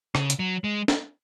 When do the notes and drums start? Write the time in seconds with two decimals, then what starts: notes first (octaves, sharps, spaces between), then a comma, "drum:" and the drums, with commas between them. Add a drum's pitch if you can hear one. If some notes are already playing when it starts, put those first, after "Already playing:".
0.15 C#3, drum: rim click
0.30 drum: hi-hat
0.39 F#3
0.64 G#3
0.88 drum: snare